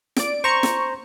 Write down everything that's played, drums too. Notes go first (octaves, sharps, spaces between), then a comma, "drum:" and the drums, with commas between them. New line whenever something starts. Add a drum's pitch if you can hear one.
D5 D7, drum: snare
C5 A#5 C#6
drum: snare